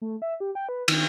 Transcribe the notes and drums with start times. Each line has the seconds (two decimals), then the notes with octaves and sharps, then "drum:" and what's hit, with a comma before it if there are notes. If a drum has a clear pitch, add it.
0.01 A3
0.22 E5
0.40 G4
0.55 G5
0.69 B4
0.88 D#3, drum: cymbal